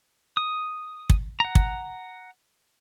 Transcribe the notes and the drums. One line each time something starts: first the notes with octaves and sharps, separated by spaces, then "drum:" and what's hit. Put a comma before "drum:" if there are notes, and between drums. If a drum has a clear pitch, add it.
D#6
drum: kick
F#5 A#5
drum: kick